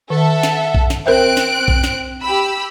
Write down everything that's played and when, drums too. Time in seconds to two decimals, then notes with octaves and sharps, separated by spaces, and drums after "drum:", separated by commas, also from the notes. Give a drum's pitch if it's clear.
0.10 D#3 A4 E5 F#5
0.43 drum: snare
0.75 drum: kick
0.90 drum: snare
1.06 C4 A#4 C5 E5 F#6 D7
1.37 drum: snare
1.68 drum: kick
1.84 drum: snare
2.22 G4 B5 E6